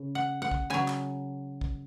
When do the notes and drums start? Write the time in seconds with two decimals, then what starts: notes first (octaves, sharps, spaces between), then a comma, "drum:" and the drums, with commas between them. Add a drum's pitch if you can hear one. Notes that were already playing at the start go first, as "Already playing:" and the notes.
Already playing: C#3
0.15 F#5
0.42 F#5
0.51 drum: kick
0.70 C#3 F#3 G#5
0.88 drum: clap
1.61 drum: kick